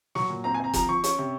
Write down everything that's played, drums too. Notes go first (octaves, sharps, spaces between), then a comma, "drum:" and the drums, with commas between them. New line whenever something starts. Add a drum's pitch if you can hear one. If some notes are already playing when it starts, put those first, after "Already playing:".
F#3 C#6, drum: snare
A#2
C4 A#5
G#5
C4 A#5
F3 A#5, drum: kick F#1, hi-hat
F3 C#6
C#4 C#6, drum: hi-hat
C3